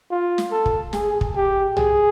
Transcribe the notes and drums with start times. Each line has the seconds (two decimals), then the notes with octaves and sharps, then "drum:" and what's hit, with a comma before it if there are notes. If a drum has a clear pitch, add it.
0.11 F4
0.38 drum: snare
0.52 A4
0.66 drum: kick
0.93 G#4, drum: snare
1.21 drum: kick
1.35 G4
1.77 G#4, drum: tom B1